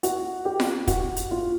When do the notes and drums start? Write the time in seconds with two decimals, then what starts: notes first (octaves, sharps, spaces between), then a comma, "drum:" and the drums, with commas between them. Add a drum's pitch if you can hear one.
0.03 F#4, drum: hi-hat
0.45 G4
0.60 drum: snare F4
0.87 F#4, drum: kick, hi-hat
1.16 drum: hi-hat
1.31 F4